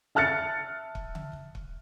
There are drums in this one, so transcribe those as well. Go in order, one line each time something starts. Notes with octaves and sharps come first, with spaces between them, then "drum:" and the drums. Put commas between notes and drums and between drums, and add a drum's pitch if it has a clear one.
E5 A5 F6 F#6 A6 C#7
drum: kick
drum: tom C#3
drum: kick